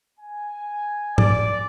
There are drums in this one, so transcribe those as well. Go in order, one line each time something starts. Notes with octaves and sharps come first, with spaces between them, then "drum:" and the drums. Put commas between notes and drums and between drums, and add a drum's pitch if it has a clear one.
G#5
D5, drum: tom G#2